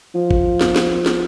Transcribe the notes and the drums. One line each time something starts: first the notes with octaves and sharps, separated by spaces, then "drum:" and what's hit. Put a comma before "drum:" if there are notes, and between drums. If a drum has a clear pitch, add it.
F3
drum: kick G1
drum: snare
drum: snare
drum: snare